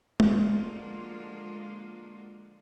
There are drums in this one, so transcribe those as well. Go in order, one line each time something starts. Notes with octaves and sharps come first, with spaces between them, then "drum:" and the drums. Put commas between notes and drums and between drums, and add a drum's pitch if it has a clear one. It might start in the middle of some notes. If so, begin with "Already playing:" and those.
D3 F3 G#3 A#3 F4 F#4, drum: tom